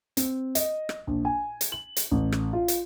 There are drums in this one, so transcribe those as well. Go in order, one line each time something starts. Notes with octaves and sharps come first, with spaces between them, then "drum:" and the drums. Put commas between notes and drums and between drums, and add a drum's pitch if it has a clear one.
C4, drum: hi-hat
D#5, drum: hi-hat
drum: rim click
A#1
G#5
drum: hi-hat
F#7
drum: hi-hat
A1
drum: rim click
F4
drum: hi-hat